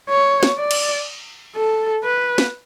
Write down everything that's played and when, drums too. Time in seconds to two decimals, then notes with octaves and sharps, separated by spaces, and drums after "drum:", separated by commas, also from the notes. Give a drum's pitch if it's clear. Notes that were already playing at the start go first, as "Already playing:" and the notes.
0.09 C#5
0.43 drum: snare
0.58 D5
0.71 drum: cymbal
1.56 A4
2.04 B4
2.38 drum: snare